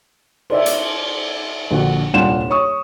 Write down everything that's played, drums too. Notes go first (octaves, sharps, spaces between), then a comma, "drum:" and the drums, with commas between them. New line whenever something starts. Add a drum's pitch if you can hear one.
C5 D5 E5, drum: cymbal
drum: hi-hat
A#1 D3 F#4
D#1 C2 D4 F4 F#5 E7
C#5 C#6 D#6